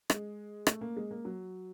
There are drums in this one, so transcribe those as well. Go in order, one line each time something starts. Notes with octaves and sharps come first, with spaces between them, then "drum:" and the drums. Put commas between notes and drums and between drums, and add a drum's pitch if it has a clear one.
G#3, drum: rim click
A3, drum: rim click
A#3
G#3
A#3
F#3